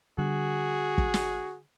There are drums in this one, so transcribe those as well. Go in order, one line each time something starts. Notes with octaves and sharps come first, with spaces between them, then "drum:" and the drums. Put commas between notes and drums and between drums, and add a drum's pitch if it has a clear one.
D3 G3 F#4 G#4
drum: kick
drum: snare